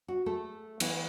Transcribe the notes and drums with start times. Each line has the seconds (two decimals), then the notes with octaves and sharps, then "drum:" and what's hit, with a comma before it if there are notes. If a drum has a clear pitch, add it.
0.08 F#4
0.26 A3 A4
0.80 E3 B3 E4, drum: cymbal